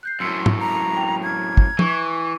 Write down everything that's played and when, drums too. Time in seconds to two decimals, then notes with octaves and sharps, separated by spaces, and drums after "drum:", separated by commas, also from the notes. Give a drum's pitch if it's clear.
0.03 F#6 G6 C7
0.20 F#2 A2 C6 E6 C#7
0.46 drum: tom
0.60 A#5
0.96 G5 F7
1.23 A#5 F6 G#6
1.57 drum: kick
1.79 E3 C#6, drum: tom